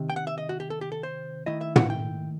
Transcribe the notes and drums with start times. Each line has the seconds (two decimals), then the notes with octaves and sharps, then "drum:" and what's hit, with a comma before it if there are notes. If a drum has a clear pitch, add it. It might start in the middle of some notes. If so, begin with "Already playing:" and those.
Already playing: C3 D#3
0.10 G5
0.16 F#5
0.27 E5
0.38 D#5
0.49 F#4
0.60 G4
0.70 A4
0.81 G4
0.92 A4
1.03 C5
1.46 D#3 A3 E4 D#5
1.61 E5
1.76 F#5, drum: tom
1.90 G5